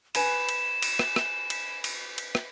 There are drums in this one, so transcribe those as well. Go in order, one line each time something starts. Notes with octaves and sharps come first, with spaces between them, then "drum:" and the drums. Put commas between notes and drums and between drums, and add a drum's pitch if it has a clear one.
B4 G#5 B5 E7, drum: cymbal
drum: cymbal
drum: cymbal
drum: rim click
drum: rim click
drum: cymbal
drum: cymbal
drum: cymbal
drum: rim click